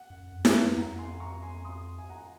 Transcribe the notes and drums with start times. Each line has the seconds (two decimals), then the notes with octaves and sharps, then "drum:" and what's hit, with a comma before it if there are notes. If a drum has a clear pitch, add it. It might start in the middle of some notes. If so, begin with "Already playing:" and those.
Already playing: F#5
0.10 F#2
0.32 F2
0.45 G#2, drum: snare E4
0.54 F#2
0.77 F2 F#5 A#5
0.99 G#5 C6
1.20 A#5 C#6
1.42 G#5 C6
1.64 C6 D#6
1.98 G#5
2.09 F#5 A#5